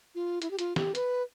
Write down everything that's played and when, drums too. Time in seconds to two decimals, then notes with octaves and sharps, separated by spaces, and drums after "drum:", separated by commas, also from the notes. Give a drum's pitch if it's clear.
0.15 F4
0.42 E4, drum: hi-hat
0.51 G4
0.59 F4, drum: hi-hat
0.76 G4, drum: snare
0.95 B4, drum: hi-hat